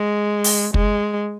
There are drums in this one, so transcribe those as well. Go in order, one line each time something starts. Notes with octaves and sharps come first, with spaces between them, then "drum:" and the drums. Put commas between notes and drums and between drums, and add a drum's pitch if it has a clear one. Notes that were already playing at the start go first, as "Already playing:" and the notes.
Already playing: G#3
drum: open hi-hat
G#3, drum: kick